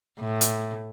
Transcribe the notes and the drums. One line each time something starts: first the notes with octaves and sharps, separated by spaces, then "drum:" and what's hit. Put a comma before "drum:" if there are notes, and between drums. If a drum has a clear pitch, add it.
A2
drum: hi-hat